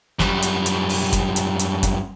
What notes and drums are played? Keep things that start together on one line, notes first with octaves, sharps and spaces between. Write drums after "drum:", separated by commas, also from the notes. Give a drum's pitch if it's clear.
F#2 G3, drum: snare
drum: hi-hat
drum: hi-hat
drum: open hi-hat
drum: kick, hi-hat
drum: hi-hat
drum: hi-hat
drum: kick, hi-hat